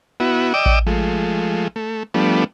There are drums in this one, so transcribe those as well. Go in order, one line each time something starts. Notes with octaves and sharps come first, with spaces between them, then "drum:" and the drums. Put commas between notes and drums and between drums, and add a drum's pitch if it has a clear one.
B3 E4 F#4
D5 D#5 G5 D6 E6
drum: kick A1
F3 G#3 A3
A3
F3 G3 A3 B3 D4